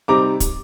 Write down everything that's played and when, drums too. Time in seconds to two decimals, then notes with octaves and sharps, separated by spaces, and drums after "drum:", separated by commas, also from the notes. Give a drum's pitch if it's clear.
0.08 C3 G3 C4 D#4 A#5 D6
0.40 drum: kick, hi-hat